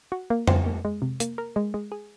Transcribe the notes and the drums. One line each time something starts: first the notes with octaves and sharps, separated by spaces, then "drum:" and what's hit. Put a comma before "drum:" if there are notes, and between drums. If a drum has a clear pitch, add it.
F#4
A#3
C5, drum: tom F2
A#3
G#3
C3
A#3, drum: hi-hat
A#4
G#3
G#3
G#4